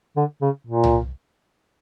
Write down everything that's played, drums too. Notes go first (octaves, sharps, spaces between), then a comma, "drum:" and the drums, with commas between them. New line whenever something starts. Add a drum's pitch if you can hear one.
D3
C#3
A#2
drum: tom C2